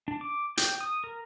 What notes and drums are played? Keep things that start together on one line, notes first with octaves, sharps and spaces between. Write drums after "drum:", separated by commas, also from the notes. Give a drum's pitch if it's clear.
D4
D6
G5, drum: hi-hat
D#6
A#4